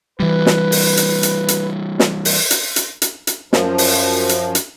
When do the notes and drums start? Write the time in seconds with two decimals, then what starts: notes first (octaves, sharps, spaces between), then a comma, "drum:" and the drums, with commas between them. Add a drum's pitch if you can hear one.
0.20 E3 G3 B4
0.46 drum: snare
0.72 drum: open hi-hat
0.97 drum: hi-hat
1.23 drum: hi-hat
1.48 drum: hi-hat
2.00 drum: snare
2.25 drum: open hi-hat
2.51 drum: hi-hat
2.76 drum: hi-hat
3.02 drum: hi-hat
3.27 drum: hi-hat
3.53 F#2 F3, drum: snare
3.78 drum: open hi-hat
4.29 drum: hi-hat
4.55 drum: hi-hat